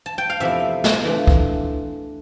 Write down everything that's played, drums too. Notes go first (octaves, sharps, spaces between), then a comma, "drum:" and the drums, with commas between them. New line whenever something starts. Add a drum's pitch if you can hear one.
A5
G5
F5
E2 C3 F3 A3 E4 E5
drum: snare
E3 A3 D4 F4
drum: kick